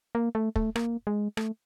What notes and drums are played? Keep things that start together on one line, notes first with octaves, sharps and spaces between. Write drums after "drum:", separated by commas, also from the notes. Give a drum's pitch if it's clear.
A#3
A3
A3, drum: kick
A#3, drum: rim click
G#3
A3, drum: rim click